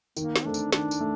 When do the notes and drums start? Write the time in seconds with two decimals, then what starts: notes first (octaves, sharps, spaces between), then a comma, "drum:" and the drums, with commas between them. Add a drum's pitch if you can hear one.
0.17 D#3 A#3, drum: tambourine
0.36 drum: snare
0.45 A3 C4 D4 D#4 A4
0.54 drum: tambourine
0.73 D#3 D4, drum: snare
0.91 drum: tambourine
1.00 A3